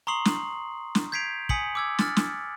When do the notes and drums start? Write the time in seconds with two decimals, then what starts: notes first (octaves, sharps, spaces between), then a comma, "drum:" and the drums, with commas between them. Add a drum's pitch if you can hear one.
0.07 A#5 C6 C#6 D#6 C7 F#7
0.25 drum: snare
0.95 drum: snare
1.12 G6 G#6 B6 C7 D7 F7
1.49 G#5 D#6 B6 C#7 F#7, drum: kick
1.75 D6 E6 G#6
1.99 F6 A6, drum: snare
2.17 drum: snare